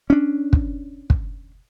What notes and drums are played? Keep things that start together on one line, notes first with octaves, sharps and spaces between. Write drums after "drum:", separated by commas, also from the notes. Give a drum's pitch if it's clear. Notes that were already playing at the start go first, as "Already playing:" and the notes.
C#4 D4
drum: kick
drum: kick